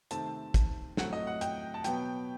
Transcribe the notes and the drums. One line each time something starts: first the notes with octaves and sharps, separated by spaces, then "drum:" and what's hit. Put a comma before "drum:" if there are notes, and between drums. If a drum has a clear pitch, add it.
C3 D#3 A3 C4 A5, drum: hi-hat
drum: kick, hi-hat
A2 F#3 A3 C4 F#5, drum: snare
D#5
F#5
G5, drum: hi-hat
A5
B2 F#3 B3 G5, drum: hi-hat